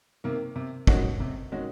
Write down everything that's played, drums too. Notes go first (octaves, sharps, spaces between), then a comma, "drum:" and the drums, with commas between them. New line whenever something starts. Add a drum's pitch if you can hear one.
C3 D#3 A#3
C3
D#3 G#3 C#4 F#4, drum: kick
C3
D#3 G#3 C#4 F#4